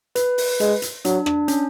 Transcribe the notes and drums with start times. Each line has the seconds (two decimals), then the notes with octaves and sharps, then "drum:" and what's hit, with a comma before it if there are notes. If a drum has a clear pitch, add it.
0.15 B4, drum: hi-hat
0.38 drum: open hi-hat
0.60 G#3, drum: hi-hat
0.82 drum: hi-hat
1.05 F#3 D4, drum: hi-hat
1.26 D4, drum: rim click
1.48 C#4, drum: hi-hat